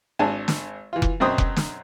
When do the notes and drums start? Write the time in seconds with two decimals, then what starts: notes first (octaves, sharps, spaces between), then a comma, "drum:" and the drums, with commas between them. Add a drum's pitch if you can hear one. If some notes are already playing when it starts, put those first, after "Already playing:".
0.19 G#1 D4 G#5 A5
0.48 drum: snare
0.93 E3 F4
1.02 drum: kick F1
1.20 F#2 B2 F#3 C4 C5 D#6
1.38 drum: kick F1
1.56 drum: snare